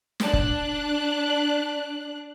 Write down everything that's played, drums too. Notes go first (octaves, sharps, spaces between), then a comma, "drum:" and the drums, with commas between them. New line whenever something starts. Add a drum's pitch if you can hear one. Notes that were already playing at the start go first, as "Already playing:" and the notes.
D4 F#6, drum: snare
drum: kick F1